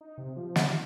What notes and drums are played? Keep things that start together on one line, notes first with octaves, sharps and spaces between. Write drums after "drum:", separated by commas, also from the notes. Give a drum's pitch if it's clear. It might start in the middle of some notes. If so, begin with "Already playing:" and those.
D#4
C3
F3
D#3, drum: snare